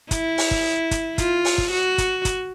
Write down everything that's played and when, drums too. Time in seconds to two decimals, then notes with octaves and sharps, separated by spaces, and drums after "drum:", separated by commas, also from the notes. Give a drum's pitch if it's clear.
0.11 E4, drum: kick, hi-hat
0.38 drum: open hi-hat
0.51 drum: kick
0.91 drum: kick, hi-hat
1.18 F4, drum: kick, hi-hat
1.45 drum: open hi-hat
1.58 drum: kick
1.71 F#4
1.98 drum: kick, hi-hat
2.25 drum: kick, hi-hat